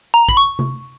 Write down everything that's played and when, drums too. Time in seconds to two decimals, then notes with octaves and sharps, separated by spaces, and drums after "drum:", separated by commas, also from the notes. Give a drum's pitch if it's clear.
0.14 A#5
0.29 B5, drum: kick
0.37 C#6
0.59 drum: tom C3